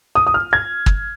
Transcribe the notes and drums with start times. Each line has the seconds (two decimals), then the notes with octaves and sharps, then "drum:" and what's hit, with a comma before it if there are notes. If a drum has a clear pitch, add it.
0.15 D#6
0.27 D#6
0.34 F6
0.53 G#6
0.86 drum: kick